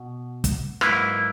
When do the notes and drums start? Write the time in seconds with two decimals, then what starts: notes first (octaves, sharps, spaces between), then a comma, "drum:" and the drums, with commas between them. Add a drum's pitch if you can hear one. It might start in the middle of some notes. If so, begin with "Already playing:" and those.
Already playing: B2
0.44 drum: kick, hi-hat
0.81 G#2 F#3 A#3 E4 B4, drum: rim click